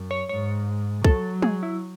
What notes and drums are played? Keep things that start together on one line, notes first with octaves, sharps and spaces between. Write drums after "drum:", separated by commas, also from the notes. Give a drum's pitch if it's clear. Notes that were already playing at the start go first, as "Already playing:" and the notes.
Already playing: F#2
C#5
G#2 C#5
F#3 A4, drum: kick
G#4, drum: tom G3
E4